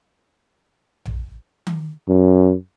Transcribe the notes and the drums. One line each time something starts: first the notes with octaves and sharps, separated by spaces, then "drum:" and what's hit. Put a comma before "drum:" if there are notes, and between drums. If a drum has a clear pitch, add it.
drum: tom A#1
drum: tom D#3
F#2